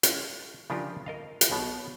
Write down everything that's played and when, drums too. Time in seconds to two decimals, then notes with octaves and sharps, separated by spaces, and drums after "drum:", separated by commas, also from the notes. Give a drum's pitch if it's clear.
0.03 C#4 F4, drum: hi-hat
0.70 C#3 F3 D4 F4 G4 A#4
1.06 A#4 D#5 F5
1.41 drum: hi-hat
1.51 B1 B2 B3